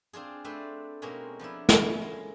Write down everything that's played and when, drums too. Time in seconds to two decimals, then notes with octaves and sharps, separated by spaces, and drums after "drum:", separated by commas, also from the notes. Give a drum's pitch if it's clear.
0.13 C4 D4 F4 G#4
0.44 A3 C4 D4 B4 C5
1.02 B2 G#3 A#3 C4 C#4
1.39 F3 B3 D4 E4
1.69 A3 A#3 C#4 E4, drum: snare
2.02 G#3